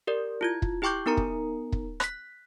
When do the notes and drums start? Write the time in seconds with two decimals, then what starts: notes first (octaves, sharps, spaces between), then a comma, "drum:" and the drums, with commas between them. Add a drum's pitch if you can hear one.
0.07 G4 A#4 D5
0.41 E4 F4 G#6
0.62 drum: kick
0.82 E4 G4 G5 C#6 D6 G6
1.06 B3 D#4 A#4 A#5 C#7
1.17 drum: kick
1.72 drum: kick
2.00 F#6 B6, drum: rim click